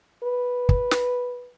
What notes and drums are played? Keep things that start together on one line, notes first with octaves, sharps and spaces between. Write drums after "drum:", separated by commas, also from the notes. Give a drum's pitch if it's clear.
B4
drum: kick
drum: snare